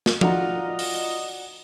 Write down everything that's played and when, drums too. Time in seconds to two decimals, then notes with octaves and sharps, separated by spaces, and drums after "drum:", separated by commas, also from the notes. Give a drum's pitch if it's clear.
0.06 drum: snare
0.21 D#4 F4 F#4 D5 D#5 F#5 A#5, drum: tom F3
0.79 drum: open hi-hat